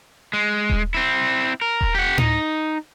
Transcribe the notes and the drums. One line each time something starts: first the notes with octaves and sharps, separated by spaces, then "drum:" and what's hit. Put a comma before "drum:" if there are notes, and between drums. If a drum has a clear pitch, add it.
G#3
drum: kick D#1
C4 E4
A#4
drum: kick D#1
G4 F#5
D#4, drum: tom A2